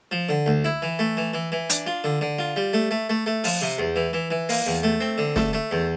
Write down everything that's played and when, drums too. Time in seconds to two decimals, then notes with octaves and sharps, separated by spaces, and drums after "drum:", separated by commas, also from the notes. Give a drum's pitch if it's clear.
0.11 F3
0.29 D3
0.46 D2
0.64 E4
0.82 E3
0.99 A3
1.17 E3
1.34 E3
1.52 E3
1.70 D4, drum: hi-hat
1.87 F4
2.04 D3
2.21 D3
2.39 F4
2.56 G3
2.73 A3
2.91 A3
3.09 A3
3.26 A3
3.44 F3, drum: open hi-hat
3.62 C3
3.79 E2
3.96 E3
4.13 E3
4.31 E3
4.49 A#3, drum: open hi-hat
4.67 E2
4.83 A3
5.00 C4
5.18 D3
5.36 A3, drum: snare
5.53 A3
5.71 E2